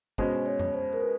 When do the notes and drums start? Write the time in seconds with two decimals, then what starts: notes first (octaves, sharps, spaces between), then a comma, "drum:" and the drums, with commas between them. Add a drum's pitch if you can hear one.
0.18 B2 G#3 C#4 C5, drum: kick
0.46 C#5
0.60 drum: tom F2
0.74 C5
0.93 A#4
1.00 B4